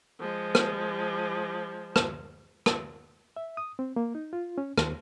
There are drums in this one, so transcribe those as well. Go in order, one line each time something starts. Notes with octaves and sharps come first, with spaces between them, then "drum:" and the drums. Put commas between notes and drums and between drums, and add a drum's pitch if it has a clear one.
F3 G#3
drum: rim click
drum: rim click
drum: rim click
E5
D#6
C4
A#3
D#4
F4
C#4
D#2, drum: rim click